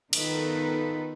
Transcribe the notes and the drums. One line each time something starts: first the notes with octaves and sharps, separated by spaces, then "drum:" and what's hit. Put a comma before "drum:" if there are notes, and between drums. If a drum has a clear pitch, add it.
D#3 B3 D#4 F4 A4 B4, drum: cymbal